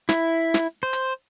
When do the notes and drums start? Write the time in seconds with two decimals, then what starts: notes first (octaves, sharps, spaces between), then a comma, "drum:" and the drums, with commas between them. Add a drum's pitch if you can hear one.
0.09 E4, drum: snare
0.54 drum: snare
0.83 C5
0.93 drum: hi-hat